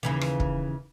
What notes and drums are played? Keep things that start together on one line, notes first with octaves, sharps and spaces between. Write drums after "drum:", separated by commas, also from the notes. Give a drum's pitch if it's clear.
D#2 C#3 E3
drum: rim click
drum: kick